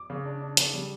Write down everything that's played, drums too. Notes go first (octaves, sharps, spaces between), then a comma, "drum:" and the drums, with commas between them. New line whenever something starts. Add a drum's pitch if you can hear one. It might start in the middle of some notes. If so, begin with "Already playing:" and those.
Already playing: D6
C#3
D4
D4
C#3, drum: hi-hat
G3